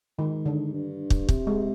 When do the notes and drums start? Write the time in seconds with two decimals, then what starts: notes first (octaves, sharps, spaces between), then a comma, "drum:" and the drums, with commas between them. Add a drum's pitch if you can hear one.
0.19 G#2 D#3
0.46 D3
0.73 G2
1.10 drum: kick
1.29 C3, drum: kick
1.47 G#3